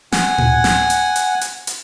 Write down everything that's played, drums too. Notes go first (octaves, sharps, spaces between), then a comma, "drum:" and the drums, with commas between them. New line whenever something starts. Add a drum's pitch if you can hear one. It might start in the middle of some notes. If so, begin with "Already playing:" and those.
F#5 G#5, drum: snare
drum: tom A2
drum: snare
drum: hi-hat
drum: hi-hat
drum: hi-hat
drum: hi-hat